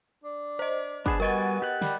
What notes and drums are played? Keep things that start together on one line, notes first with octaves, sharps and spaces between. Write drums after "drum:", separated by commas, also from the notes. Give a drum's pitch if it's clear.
D4
C5 D#5
B3 D4 G#4 A5, drum: kick
G3 B3 F#4 A#4 D#5 G#5 A6
G4 F#5
G3, drum: snare